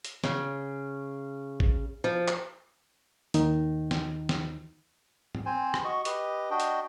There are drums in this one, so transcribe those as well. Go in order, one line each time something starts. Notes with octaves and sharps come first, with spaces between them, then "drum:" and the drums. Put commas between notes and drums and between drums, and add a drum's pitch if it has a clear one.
drum: hi-hat
C#3, drum: snare
drum: kick G#1
F3
drum: clap
D#2 D#3 D#4, drum: hi-hat
drum: snare
drum: snare
drum: tom G#2
C4 C5 G#5
drum: rim click
F#4 D#5 C#6
G4 B4 D#5, drum: hi-hat
D4 F#4 D#5 G5
drum: hi-hat